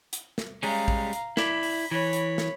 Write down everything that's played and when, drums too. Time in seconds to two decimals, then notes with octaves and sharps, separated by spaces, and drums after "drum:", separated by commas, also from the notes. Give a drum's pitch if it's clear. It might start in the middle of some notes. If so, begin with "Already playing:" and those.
0.13 drum: hi-hat
0.38 drum: snare
0.63 G3 G#3 C#4 F5 A#5, drum: open hi-hat
0.88 drum: kick A1
1.13 drum: hi-hat
1.37 E4 D5 B5, drum: snare
1.63 drum: open hi-hat
1.91 E3 C#5 B5
2.13 drum: hi-hat
2.38 drum: snare